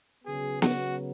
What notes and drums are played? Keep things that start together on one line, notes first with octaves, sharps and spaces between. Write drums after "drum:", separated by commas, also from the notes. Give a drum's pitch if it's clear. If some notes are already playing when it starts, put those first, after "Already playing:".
C#3 F#3 B3 G#4
F#4, drum: snare